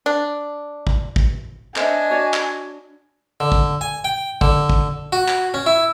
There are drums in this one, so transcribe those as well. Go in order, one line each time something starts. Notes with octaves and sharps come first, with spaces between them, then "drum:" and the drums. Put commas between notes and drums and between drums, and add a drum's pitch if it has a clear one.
D4
drum: kick
drum: kick
D4 C5 D#5 E5 G#5, drum: clap
F#4 C#5 D5
drum: clap
D3
drum: kick
G#5
G5
D3, drum: kick
drum: kick
F#4
drum: clap
C#4
E4